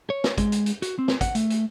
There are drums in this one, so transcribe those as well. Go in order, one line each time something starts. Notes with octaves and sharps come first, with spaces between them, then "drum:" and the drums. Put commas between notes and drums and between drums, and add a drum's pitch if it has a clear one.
C#5
drum: snare
G#3, drum: kick, hi-hat
drum: hi-hat
drum: hi-hat
F#4, drum: hi-hat
C4
drum: snare
F#5, drum: kick, hi-hat
A3, drum: hi-hat
drum: hi-hat